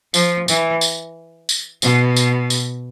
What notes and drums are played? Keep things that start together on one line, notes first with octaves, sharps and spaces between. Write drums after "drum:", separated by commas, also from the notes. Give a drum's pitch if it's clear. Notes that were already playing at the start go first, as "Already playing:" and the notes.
F3, drum: tambourine
E3, drum: tambourine
drum: tambourine
drum: tambourine
B2, drum: tambourine
drum: tambourine
drum: tambourine